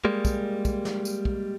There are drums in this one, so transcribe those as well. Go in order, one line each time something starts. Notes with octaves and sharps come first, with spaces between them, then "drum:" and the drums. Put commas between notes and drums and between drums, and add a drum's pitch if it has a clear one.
G3 G#3 A#3
drum: kick, tambourine
drum: kick, tambourine
drum: snare
drum: tambourine
drum: kick